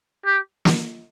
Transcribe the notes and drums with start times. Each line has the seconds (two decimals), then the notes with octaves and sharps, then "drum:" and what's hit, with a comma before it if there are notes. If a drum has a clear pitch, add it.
0.26 G4
0.65 drum: snare